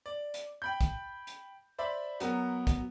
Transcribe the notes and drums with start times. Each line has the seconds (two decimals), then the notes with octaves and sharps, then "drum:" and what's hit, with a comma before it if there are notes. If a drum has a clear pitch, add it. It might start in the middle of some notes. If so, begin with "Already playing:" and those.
0.06 D5
0.34 drum: hi-hat
0.62 G5 B5 G6
0.81 drum: kick B1, hi-hat
1.27 drum: hi-hat
1.78 C5 D5 E5 B5
2.20 F#3 B3 A#4, drum: hi-hat
2.67 drum: kick B1, hi-hat